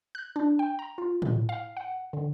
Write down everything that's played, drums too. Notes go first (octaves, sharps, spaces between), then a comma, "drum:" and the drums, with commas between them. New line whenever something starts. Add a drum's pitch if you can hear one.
F#6
D4
G5
A#5
F4
drum: tom A2
F5
F#5
D3